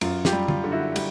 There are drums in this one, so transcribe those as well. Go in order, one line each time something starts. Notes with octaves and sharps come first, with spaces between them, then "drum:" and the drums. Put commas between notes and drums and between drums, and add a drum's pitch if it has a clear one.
F#2 F4, drum: cymbal
F4 G4, drum: snare
G3
F4, drum: tom
D3
E4 F#4
G3, drum: cymbal